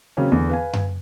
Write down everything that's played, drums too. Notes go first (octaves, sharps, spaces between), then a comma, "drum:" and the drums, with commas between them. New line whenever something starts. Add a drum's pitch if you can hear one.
C#3 F#3 A#3 C4 C#4
E2 D3
B4 F5 G#5
drum: tom F#2